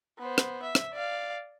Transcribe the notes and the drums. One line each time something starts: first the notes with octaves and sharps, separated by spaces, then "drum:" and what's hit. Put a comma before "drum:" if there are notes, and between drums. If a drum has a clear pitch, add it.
B3 C5
drum: rim click
E5
drum: rim click
D5 F5